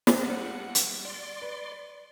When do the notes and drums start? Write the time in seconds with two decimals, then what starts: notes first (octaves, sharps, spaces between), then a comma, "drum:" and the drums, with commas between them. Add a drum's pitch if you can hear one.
0.07 drum: snare
0.21 B1 G3 G#3 F#5
0.75 drum: hi-hat
1.05 D5 C6
1.42 B4